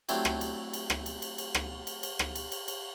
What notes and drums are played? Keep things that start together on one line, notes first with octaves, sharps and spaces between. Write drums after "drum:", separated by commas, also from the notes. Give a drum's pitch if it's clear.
F#3 A3 C4 D4 E4 G4, drum: cymbal
drum: rim click
drum: cymbal
drum: cymbal
drum: rim click
drum: cymbal
drum: cymbal
drum: cymbal
drum: rim click
drum: cymbal
drum: cymbal
drum: rim click
drum: cymbal
drum: cymbal
drum: cymbal